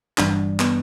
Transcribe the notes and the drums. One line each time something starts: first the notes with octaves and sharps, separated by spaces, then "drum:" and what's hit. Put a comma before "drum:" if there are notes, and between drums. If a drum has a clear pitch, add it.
G1 G2 E3 G3 D4 D5, drum: clap
B3 B4, drum: clap